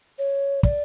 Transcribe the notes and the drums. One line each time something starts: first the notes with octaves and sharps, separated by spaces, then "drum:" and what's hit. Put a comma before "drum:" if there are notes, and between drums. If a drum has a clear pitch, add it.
C#5
D5, drum: kick